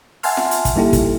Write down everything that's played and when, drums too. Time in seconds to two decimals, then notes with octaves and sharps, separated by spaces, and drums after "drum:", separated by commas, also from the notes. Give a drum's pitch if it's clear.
0.23 E5 F#5 G#5 A5 C6 F6, drum: open hi-hat
0.37 drum: snare F4
0.51 drum: hi-hat
0.65 drum: kick, hi-hat
0.76 G3 A#3 D#4 E4 G4 A4
0.93 drum: kick, hi-hat